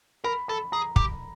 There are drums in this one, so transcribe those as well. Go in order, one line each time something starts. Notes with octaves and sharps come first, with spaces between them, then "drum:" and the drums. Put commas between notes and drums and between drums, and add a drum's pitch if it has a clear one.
A#4 B5
A4 B5
G#4 A#5
G4, drum: kick